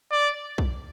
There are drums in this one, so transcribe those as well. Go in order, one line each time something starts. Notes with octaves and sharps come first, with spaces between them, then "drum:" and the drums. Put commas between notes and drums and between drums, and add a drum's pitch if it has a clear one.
D5
drum: kick B1